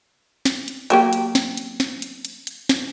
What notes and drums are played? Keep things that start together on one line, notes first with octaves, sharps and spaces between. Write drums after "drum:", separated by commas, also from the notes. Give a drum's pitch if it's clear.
drum: snare
drum: hi-hat
F#3 A#3 G4, drum: hi-hat
drum: hi-hat
drum: snare
drum: hi-hat
drum: snare
drum: hi-hat
drum: hi-hat
drum: hi-hat
drum: snare